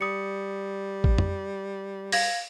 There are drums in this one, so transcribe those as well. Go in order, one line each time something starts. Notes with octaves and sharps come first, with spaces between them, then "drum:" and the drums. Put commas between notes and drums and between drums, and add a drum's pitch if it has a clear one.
G3 D#6 C#7
drum: kick A1
drum: tom F2
F5 G#6 A#6, drum: open hi-hat